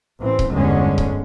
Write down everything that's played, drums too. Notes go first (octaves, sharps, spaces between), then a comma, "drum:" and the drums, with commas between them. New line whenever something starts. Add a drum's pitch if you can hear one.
A1 E3 C4
drum: kick C#1
G1 E2 G#2 D3 G#3 C#4
drum: kick C#1